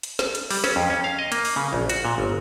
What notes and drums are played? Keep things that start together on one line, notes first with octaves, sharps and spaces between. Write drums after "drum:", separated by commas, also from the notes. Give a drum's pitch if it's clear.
drum: hi-hat
drum: snare
drum: hi-hat
G3, drum: open hi-hat
C#4, drum: snare
F2
C#4
F5
D#5
A#3, drum: hi-hat
drum: open hi-hat
C#3
A#1
F#4, drum: hi-hat
A#2
G1